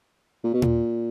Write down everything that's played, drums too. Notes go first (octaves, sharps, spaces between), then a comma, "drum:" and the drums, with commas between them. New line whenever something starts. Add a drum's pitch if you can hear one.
A#2
B2
A#2, drum: tom A#2